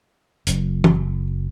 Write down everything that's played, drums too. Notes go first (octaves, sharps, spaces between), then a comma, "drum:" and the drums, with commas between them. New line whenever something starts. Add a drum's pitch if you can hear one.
F#1 F#2, drum: hi-hat
drum: tom E3